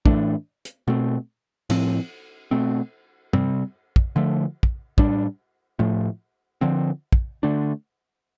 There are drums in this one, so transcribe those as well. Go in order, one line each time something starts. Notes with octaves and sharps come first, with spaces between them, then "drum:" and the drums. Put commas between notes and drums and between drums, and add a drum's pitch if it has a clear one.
A2 E3 A3 D4, drum: kick
drum: hi-hat
B2 A3 C4
A2 F3 C4, drum: cymbal
B2 A3 C4
C3 G3 C4, drum: tom
drum: kick
D3 F3 A3
drum: kick
A2 G3 D4, drum: kick
A2 F3 A3
D3 F3 C4
drum: kick
D3 A3 D4